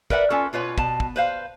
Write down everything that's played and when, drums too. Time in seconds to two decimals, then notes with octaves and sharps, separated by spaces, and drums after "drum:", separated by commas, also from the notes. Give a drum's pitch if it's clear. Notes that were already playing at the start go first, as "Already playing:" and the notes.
0.10 A#4 B4 D5 E5 F#5, drum: kick
0.30 C#4 F4 A4
0.53 B2 F4 B4 C#5
0.78 B2 A5, drum: kick
1.00 drum: kick
1.16 B4 C5 F5